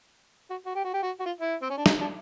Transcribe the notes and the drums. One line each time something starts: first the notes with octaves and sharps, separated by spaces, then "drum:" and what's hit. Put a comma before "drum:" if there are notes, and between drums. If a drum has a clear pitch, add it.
F#4
F#4
G4
F#4
G4
F#4
F#4
F4
E4
C4
C#4
D4
D#4, drum: snare
D4